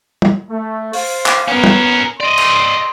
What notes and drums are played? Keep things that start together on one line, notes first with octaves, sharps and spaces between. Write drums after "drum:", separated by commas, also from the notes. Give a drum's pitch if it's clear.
drum: tom
A3
C5 F5, drum: open hi-hat
drum: clap
B3 C#4 A#4
drum: tom
D5 D#5 C6
drum: cymbal